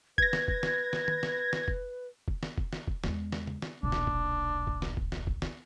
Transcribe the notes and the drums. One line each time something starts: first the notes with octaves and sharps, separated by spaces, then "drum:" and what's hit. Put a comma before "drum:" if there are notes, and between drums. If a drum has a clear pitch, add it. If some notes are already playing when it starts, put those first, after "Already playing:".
B4 G#6 A#6, drum: kick
drum: snare
drum: kick
drum: snare
drum: snare
drum: tom
drum: snare
drum: snare
drum: kick
drum: kick
drum: snare
drum: kick
drum: snare
drum: kick
E2 G#3, drum: snare
drum: snare
drum: tom
drum: snare
D#1 B1 D4
drum: snare
drum: kick
drum: kick
drum: snare
drum: kick
drum: snare
drum: kick
drum: snare